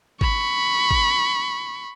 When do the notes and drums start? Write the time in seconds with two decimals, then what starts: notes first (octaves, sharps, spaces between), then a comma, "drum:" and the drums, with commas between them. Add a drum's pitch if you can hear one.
0.21 B5 C#6, drum: kick G#1
0.91 drum: kick G#1